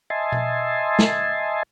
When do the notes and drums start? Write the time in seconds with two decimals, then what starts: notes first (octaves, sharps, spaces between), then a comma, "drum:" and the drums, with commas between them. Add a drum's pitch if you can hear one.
0.10 D#5 E5 G#5 A5 C6
0.32 drum: tom B2
0.99 drum: snare